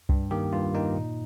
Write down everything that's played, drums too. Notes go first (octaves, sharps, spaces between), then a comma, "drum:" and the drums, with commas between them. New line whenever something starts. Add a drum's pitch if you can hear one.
G2, drum: kick C2
D#3 A#3 G4
G2 F4
D#3 A#3 D#4
A#2